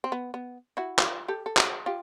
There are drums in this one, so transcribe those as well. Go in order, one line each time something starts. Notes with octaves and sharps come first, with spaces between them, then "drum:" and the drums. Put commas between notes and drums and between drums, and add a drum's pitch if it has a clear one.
C4
B3
B3
E4 F#4
F4 G4, drum: clap
G4 A4
A4
F#4 G#4, drum: clap
F4 G4